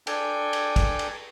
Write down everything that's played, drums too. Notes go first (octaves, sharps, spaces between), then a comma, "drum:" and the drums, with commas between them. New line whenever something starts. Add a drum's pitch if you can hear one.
D4 A4 G5 G#5, drum: cymbal
drum: cymbal
drum: kick, cymbal
drum: cymbal